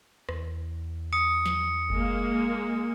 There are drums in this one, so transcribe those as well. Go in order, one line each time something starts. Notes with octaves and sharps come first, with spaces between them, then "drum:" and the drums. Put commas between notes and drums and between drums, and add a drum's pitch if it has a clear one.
E2, drum: rim click
D#6 C#7
drum: snare
G#3 A#3, drum: kick F#1